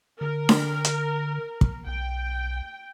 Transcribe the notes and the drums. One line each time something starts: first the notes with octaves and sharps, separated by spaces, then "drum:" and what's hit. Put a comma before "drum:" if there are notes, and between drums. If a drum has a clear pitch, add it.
D3 A#4
drum: snare D4
drum: hi-hat
drum: kick
B1 G5